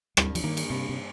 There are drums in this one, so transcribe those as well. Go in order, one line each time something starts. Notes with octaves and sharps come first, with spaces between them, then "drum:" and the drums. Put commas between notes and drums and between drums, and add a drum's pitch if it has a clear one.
G2 G3, drum: rim click
F3, drum: cymbal
D#3 A#3
drum: cymbal
G2 C3
C3